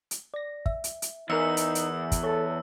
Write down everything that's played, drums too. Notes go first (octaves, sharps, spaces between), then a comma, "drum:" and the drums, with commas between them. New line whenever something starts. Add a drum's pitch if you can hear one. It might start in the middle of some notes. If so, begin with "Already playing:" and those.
drum: hi-hat
D5 A#6
E5, drum: kick
drum: hi-hat
drum: hi-hat
E2 D#4 A#4 E6 F6 C#7
drum: hi-hat
drum: hi-hat
drum: kick, hi-hat
A4 C#5 A5